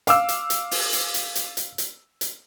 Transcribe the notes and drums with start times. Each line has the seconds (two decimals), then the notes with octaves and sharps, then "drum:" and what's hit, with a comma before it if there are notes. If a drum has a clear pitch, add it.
0.07 F5 D6 E6, drum: hi-hat
0.29 drum: hi-hat
0.50 drum: hi-hat
0.71 drum: open hi-hat
0.93 drum: hi-hat
1.14 drum: hi-hat
1.35 drum: hi-hat
1.57 drum: hi-hat
1.78 drum: hi-hat
2.21 drum: hi-hat